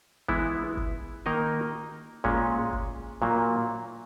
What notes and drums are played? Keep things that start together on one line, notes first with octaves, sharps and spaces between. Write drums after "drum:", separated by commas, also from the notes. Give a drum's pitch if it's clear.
E3 G#3 B3 E4, drum: kick
drum: kick
D#3 A#3 D#4 A#4 D#5
A#2 G#3 C#4, drum: kick
drum: kick
A#2 F#3 A#3